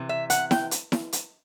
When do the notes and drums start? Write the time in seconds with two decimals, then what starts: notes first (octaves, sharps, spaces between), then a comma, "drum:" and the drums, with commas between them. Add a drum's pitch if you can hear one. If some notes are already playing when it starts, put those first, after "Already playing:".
Already playing: C3 E3
0.09 E5
0.30 F#5, drum: hi-hat
0.51 G5, drum: snare E4
0.71 drum: hi-hat
0.92 drum: snare E4
1.13 drum: hi-hat